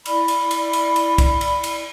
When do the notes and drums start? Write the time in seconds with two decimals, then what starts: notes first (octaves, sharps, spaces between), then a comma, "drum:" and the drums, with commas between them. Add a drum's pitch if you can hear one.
0.06 E4 D5 B5, drum: cymbal
0.28 drum: cymbal
0.51 drum: cymbal
0.73 drum: cymbal
0.96 drum: cymbal
1.18 drum: kick C2, cymbal
1.41 drum: cymbal
1.64 drum: cymbal